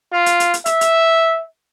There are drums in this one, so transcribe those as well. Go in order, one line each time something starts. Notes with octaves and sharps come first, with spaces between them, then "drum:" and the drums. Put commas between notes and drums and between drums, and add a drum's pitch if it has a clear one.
F4
drum: hi-hat
drum: hi-hat
drum: hi-hat
E5, drum: hi-hat
drum: hi-hat